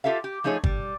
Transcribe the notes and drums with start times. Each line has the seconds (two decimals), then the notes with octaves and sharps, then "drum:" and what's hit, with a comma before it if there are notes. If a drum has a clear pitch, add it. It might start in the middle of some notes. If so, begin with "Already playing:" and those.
0.04 F4 G4 A4 E5 F5
0.24 G4
0.44 F3 A3 D#4 G#4 C#5
0.64 G3, drum: kick G1